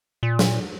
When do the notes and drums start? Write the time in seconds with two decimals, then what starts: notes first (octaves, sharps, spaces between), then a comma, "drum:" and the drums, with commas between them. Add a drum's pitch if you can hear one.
0.23 A#2
0.39 drum: snare